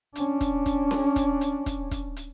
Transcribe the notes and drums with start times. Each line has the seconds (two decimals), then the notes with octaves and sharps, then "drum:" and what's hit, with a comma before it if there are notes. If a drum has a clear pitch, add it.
0.15 C#4 D4, drum: hi-hat
0.41 drum: kick, hi-hat
0.66 drum: kick, hi-hat
0.91 drum: snare C#4
1.16 drum: kick, hi-hat
1.41 drum: hi-hat
1.66 drum: kick, hi-hat
1.91 drum: kick, hi-hat
2.16 drum: hi-hat